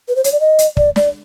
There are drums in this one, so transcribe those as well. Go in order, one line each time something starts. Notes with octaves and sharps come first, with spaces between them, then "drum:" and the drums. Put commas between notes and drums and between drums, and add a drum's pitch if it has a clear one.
B4
C5
C#5, drum: hi-hat
D5
D#5
drum: hi-hat
D5, drum: kick
D5, drum: snare